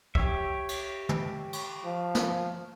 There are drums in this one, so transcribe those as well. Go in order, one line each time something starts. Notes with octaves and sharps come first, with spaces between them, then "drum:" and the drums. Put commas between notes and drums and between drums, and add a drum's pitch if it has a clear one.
G4 C#5 E5, drum: kick C2
drum: cymbal
drum: tom
drum: cymbal
F3
drum: snare